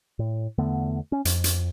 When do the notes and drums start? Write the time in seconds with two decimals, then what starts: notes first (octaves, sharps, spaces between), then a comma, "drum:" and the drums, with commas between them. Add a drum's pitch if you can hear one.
0.19 A2
0.58 E2 D3 A3 B3
1.12 C#4
1.25 F2, drum: hi-hat
1.44 drum: hi-hat